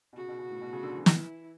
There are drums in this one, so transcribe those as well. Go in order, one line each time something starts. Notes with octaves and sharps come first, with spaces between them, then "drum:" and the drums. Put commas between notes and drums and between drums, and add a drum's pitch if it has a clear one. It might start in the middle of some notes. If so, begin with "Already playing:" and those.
B2
C#3 F#4
B2
C#3
A2
B2
C#3
D3
E3
E4, drum: snare